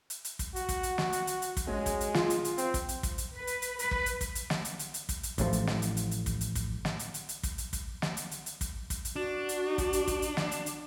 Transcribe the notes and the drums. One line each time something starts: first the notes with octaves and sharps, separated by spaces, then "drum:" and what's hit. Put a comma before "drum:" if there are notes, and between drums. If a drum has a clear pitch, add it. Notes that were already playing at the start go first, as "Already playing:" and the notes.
drum: hi-hat
drum: hi-hat
drum: kick, hi-hat
F#4, drum: hi-hat
drum: kick, hi-hat
drum: hi-hat
drum: snare
drum: hi-hat
drum: hi-hat
drum: hi-hat
drum: kick, hi-hat
G#3 C#4 F#4
drum: kick, hi-hat
drum: hi-hat
F4, drum: snare
drum: hi-hat
drum: hi-hat
C4, drum: hi-hat
drum: kick, hi-hat
drum: hi-hat
drum: kick, hi-hat
drum: hi-hat
B4
drum: hi-hat
drum: hi-hat
B4, drum: hi-hat
drum: kick
drum: hi-hat
drum: kick, hi-hat
drum: hi-hat
drum: snare
drum: hi-hat
drum: hi-hat
drum: hi-hat
drum: kick, hi-hat
drum: hi-hat
A1 A2 C3 F3, drum: kick, hi-hat
drum: hi-hat
drum: snare
drum: hi-hat
drum: hi-hat
drum: hi-hat
drum: kick, hi-hat
drum: hi-hat
drum: kick, hi-hat
drum: snare
drum: hi-hat
drum: hi-hat
drum: hi-hat
drum: kick, hi-hat
drum: hi-hat
drum: kick, hi-hat
drum: snare
drum: hi-hat
drum: hi-hat
drum: hi-hat
drum: kick, hi-hat
drum: kick, hi-hat
drum: hi-hat
D4 F#4
drum: hi-hat
drum: kick, hi-hat
drum: hi-hat
drum: kick, hi-hat
drum: hi-hat
drum: snare
drum: hi-hat
drum: hi-hat